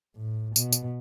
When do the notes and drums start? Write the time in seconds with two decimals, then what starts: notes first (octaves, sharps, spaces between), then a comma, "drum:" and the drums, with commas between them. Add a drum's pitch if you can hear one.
0.16 A2
0.56 B2, drum: tambourine
0.73 drum: tambourine